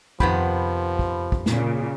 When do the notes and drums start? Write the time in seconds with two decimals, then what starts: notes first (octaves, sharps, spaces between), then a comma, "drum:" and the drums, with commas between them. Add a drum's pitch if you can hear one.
0.20 F2 C3 D#3 F3 B3 B5, drum: kick
0.99 drum: kick
1.32 drum: kick
1.46 A#2 C#3, drum: snare